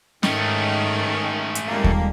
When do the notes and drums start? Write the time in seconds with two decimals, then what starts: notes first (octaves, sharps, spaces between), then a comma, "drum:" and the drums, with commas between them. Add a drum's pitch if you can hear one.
0.23 G#2 D#3 A3 C#4, drum: snare C#4
1.55 drum: hi-hat
1.68 F2 D#3 G3 G#3 A#3
1.84 drum: kick D#2